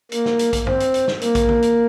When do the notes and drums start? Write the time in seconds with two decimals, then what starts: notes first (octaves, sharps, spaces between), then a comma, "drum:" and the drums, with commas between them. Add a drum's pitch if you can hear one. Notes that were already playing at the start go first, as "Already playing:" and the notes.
0.12 A#3, drum: hi-hat
0.26 drum: snare
0.39 drum: hi-hat
0.53 drum: kick, hi-hat
0.67 C4, drum: tom
0.80 drum: hi-hat
0.94 drum: hi-hat
1.08 drum: snare
1.22 A#3, drum: hi-hat
1.35 drum: kick, hi-hat
1.49 drum: tom
1.62 drum: hi-hat